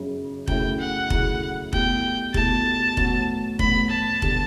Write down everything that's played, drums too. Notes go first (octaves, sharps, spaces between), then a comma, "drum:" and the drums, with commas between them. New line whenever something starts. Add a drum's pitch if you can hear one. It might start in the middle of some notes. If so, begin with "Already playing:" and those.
Already playing: F#1 F#2 C#3
F#2 C#3 F#3 A3 E4 G5, drum: kick F1
F#5
F#2 C#3 F#3 A3 E4, drum: kick F1
B2 A3 E4 G4 G5, drum: kick F1
B2 A3 E4 G4 A5, drum: kick F1
A1 A2 F#3 B3, drum: kick F1
A1 A2 F#3 B3 B5, drum: kick F1
A5
D3 G3 B3, drum: kick F1